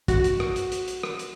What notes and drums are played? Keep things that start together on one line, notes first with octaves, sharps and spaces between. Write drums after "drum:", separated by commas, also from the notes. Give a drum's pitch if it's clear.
F#4, drum: kick, hi-hat
drum: hi-hat
drum: rim click
drum: hi-hat
drum: hi-hat
drum: hi-hat
drum: rim click
drum: hi-hat